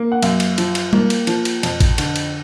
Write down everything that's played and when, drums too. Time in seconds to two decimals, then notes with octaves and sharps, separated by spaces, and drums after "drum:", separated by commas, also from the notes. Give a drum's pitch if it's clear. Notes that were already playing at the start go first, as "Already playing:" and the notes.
Already playing: A#3
0.12 F#5
0.22 F#2 F5, drum: cymbal
0.40 drum: cymbal
0.58 F3, drum: cymbal
0.75 drum: cymbal
0.93 A#3, drum: tom G3
1.10 drum: cymbal
1.27 F3, drum: cymbal
1.45 drum: cymbal
1.63 F2, drum: cymbal
1.80 drum: kick G#1, cymbal
1.98 D3, drum: cymbal
2.16 drum: cymbal